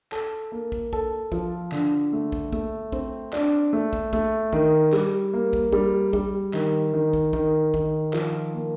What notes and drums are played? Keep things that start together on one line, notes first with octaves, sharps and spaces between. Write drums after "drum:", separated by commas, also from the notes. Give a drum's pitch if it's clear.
A4, drum: clap
A#3
drum: kick
A4, drum: kick
F3, drum: kick
D3, drum: clap
A3
drum: kick
A3, drum: kick
C4, drum: kick
D4, drum: clap
A3
drum: kick
A3, drum: kick
D#3, drum: kick
G3, drum: clap
A#3
drum: kick
G3, drum: kick
G3, drum: kick
D#3, drum: clap
D#3
drum: kick
D#3, drum: kick
D#3, drum: kick
F3, drum: clap
A#3